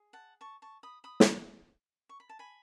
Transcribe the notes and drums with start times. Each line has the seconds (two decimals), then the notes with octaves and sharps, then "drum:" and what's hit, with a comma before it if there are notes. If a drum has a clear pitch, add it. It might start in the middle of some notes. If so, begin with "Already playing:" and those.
Already playing: G#4
0.13 F#5 A5
0.41 A5 C#6
0.62 A5 C#6
0.83 B5 D#6
1.04 B5 D#6
1.20 drum: snare
2.09 C#6
2.20 B5
2.29 A5
2.39 G#5 B5